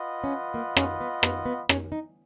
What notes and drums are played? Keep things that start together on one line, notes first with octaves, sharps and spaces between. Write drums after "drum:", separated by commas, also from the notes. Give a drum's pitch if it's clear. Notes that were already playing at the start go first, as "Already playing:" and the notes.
Already playing: F4 B4 D#5 F#5
C#4
A#3
C#4, drum: rim click
B3
B3, drum: rim click
B3
C#4, drum: rim click
D#4